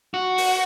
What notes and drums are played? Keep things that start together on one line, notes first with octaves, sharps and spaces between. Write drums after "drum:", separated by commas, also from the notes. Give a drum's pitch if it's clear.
F#4
drum: open hi-hat